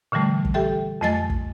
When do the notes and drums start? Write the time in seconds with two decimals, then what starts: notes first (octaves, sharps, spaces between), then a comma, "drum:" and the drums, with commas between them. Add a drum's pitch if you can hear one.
0.12 A#2 D3 E3 G3 A3
0.45 drum: kick
0.54 G4 A4 E5 G5
1.01 F2 F#3 A3 D#5 G#5 A6
1.30 drum: kick